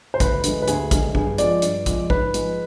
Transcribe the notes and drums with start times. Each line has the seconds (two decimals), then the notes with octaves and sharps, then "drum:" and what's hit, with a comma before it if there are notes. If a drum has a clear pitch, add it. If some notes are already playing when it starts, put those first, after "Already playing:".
0.14 C5
0.20 D2 B4, drum: kick A1, hi-hat
0.44 D3 G#3, drum: hi-hat
0.62 B4
0.68 D2 G#4, drum: hi-hat
0.91 D3 G#3 G#4, drum: kick A1, hi-hat
1.15 G2 G#4, drum: kick A1
1.38 F3 G#3 D5, drum: hi-hat
1.62 G2, drum: hi-hat
1.86 F3 G#3, drum: kick A1, hi-hat
2.10 G#2 B4, drum: kick A1
2.34 F3 G#3, drum: hi-hat